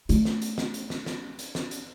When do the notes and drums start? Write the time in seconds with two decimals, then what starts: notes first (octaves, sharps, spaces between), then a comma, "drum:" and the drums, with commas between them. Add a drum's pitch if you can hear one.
0.09 A3 E4, drum: hi-hat
0.25 drum: snare
0.42 drum: hi-hat
0.58 drum: snare
0.74 drum: hi-hat
0.90 drum: snare
1.06 drum: snare
1.39 drum: hi-hat
1.55 drum: snare
1.71 drum: hi-hat